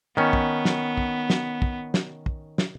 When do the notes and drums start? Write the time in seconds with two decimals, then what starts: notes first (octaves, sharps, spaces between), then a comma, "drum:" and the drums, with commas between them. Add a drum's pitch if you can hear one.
0.17 D#3 B3 C#4
0.33 drum: kick
0.65 drum: snare
0.97 drum: kick
1.30 drum: snare
1.62 drum: kick
1.94 drum: snare
2.26 drum: kick
2.58 drum: snare